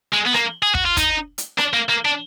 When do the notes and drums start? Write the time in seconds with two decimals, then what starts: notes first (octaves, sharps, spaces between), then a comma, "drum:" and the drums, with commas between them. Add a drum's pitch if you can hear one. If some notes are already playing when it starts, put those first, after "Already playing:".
0.14 G#3
0.27 B3
0.34 A#3, drum: rim click
0.63 G#4
0.75 F#4, drum: kick
0.85 F4
0.97 D#4, drum: kick, hi-hat
1.38 drum: hi-hat
1.58 D4, drum: rim click
1.74 A#3
1.90 A#3
2.05 D4